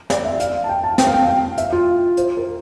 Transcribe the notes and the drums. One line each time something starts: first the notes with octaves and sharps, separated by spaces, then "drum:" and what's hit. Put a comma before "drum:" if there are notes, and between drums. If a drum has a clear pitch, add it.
D5, drum: snare
E5
F5, drum: hi-hat
A5
G5
A5
G5, drum: snare
F5
G5
G5
E5, drum: hi-hat
F4
C5, drum: hi-hat
A#4